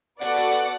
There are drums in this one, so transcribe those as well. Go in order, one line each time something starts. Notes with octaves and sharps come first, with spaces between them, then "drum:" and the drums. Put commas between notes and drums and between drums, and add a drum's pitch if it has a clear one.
B3 F#4 A4 D5 F#5, drum: hi-hat
drum: hi-hat
drum: hi-hat